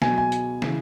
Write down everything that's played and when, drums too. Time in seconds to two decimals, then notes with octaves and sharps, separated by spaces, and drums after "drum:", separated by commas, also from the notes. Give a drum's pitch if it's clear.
0.02 B2 G#5, drum: snare
0.07 F#3
0.18 G#5
0.32 drum: hi-hat
0.62 C#3 E3, drum: snare